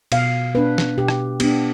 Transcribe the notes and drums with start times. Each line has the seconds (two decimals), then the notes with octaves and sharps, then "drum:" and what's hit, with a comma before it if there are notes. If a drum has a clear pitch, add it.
0.12 B2 F5, drum: cymbal
0.55 B3 D4 B4
0.78 drum: snare
0.98 B2 G4
1.08 drum: rim click
1.40 B3 D4 G4, drum: cymbal